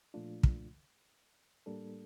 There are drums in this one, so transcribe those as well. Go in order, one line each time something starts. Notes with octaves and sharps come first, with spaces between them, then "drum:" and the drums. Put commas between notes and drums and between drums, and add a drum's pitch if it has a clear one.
A#2 F3 A3 D4 F4
drum: kick
A2 G3 A#3 D4 A4